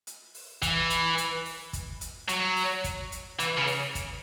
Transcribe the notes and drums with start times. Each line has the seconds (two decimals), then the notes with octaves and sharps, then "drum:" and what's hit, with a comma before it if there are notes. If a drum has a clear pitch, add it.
0.07 drum: hi-hat
0.35 drum: open hi-hat
0.62 E3, drum: kick, hi-hat
0.90 drum: hi-hat
1.18 drum: hi-hat
1.46 drum: open hi-hat
1.73 drum: kick, hi-hat
2.01 drum: hi-hat
2.29 F#3, drum: hi-hat
2.56 drum: open hi-hat
2.84 drum: kick, hi-hat
3.12 drum: hi-hat
3.40 E3, drum: hi-hat
3.58 C#3
3.67 drum: open hi-hat
3.95 drum: kick, hi-hat